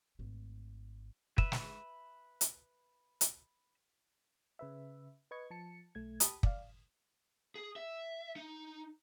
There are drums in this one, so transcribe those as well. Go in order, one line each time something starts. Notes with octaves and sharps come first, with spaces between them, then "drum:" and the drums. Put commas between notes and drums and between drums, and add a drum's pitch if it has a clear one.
G#1 A3
B4 E5, drum: kick
drum: snare
drum: hi-hat
drum: hi-hat
C#3 B4 E5
B4 D#5 C#6 G#6 C#7
F3 A5 C#7
B1 A3 G#6
G4 A5 B5 D#6, drum: hi-hat
D5 F5, drum: kick
G#4
E5
D#4